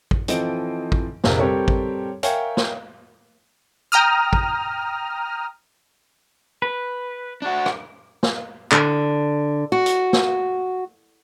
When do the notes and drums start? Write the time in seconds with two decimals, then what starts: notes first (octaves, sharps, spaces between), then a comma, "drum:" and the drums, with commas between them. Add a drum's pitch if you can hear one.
0.11 drum: kick
0.28 E3 F3 C4 A4 D#5 D7, drum: hi-hat
0.92 drum: kick
1.24 A#1 F2 C3 G#4 A#4, drum: snare
1.40 G3 C4 G4 A4 A#4 C#5
1.68 drum: kick
2.23 A#4 C#5 E5 F5 G5 G#5, drum: hi-hat
2.57 drum: snare
3.92 G5 A#5 D#6 F6
4.33 drum: kick
6.62 B4
7.42 D4 F#4
7.66 drum: rim click
8.23 drum: snare
8.72 D3, drum: clap
9.72 F#4
9.86 drum: hi-hat
10.13 drum: snare